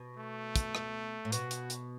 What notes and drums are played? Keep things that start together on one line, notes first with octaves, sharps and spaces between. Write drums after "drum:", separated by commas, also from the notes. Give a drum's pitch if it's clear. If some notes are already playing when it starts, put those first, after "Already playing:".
Already playing: B2
A3
drum: kick, hi-hat
drum: rim click
A2
B2 F#4, drum: hi-hat
drum: hi-hat
drum: hi-hat